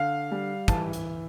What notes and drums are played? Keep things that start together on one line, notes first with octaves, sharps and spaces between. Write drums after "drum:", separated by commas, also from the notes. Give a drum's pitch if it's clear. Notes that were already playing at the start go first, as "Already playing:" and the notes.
Already playing: D3 F5
G3
E3 A5, drum: kick, hi-hat
drum: hi-hat